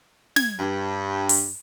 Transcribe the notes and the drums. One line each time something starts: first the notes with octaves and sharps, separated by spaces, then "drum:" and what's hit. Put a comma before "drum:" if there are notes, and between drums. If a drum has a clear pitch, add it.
G#6, drum: snare
G2
drum: open hi-hat